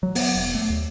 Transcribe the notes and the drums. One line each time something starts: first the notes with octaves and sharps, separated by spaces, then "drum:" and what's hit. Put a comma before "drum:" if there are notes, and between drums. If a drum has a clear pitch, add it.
F#3
B3, drum: open hi-hat
E1
A3
D#2